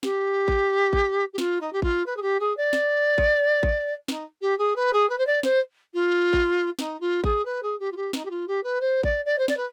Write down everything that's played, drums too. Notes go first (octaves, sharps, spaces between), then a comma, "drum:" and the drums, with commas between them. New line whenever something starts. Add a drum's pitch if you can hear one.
G4, drum: snare
drum: kick A1
drum: kick A1
G4
F4, drum: snare
D#4
G4
F4, drum: kick A1
B4
G#4
G4
G#4
D5
drum: snare
drum: kick A1
drum: kick A1
D#4, drum: snare
G4
G#4
B4
G#4
B4
C5
D5
C5, drum: snare
F4
drum: kick A1
D#4, drum: snare
F4
G#4, drum: kick A1
B4
G#4
G4
F4
G4
D#4, drum: snare
G4
F4
G4
B4
C5
D5, drum: kick A1
D5
C5
D5, drum: snare
B4